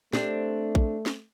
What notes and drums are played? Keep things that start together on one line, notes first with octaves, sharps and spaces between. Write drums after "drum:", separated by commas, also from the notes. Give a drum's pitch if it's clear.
A3 C4 D4 G4, drum: snare
drum: kick
drum: snare